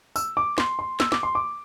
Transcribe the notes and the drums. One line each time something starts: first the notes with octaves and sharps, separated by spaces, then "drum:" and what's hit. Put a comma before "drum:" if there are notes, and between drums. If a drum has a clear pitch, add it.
E6, drum: tambourine
D6
C6, drum: snare
C6
E6, drum: snare
D6, drum: snare
C6
D6